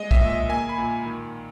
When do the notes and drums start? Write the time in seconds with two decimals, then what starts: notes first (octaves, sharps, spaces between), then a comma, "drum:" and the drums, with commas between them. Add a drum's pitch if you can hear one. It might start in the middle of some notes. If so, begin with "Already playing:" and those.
Already playing: G#3 D#5
0.11 E5, drum: kick B1
0.21 A#2
0.30 E5
0.49 A#3 G#5
0.69 B5
0.78 A#2
1.06 D#3